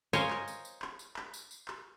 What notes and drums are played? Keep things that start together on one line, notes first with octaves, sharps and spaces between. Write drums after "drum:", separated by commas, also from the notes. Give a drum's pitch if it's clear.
A#4 C5 C#5 D#5 F5 G#5, drum: tambourine
drum: clap
drum: tambourine
drum: tambourine
drum: clap
drum: tambourine
drum: clap
drum: tambourine
drum: tambourine
drum: clap